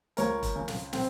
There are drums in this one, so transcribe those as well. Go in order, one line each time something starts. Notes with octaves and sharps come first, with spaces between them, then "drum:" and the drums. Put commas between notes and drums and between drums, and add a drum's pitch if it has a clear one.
C#2 A#4 C#5, drum: hi-hat
drum: kick E1, hi-hat
C#3
drum: snare
C4, drum: snare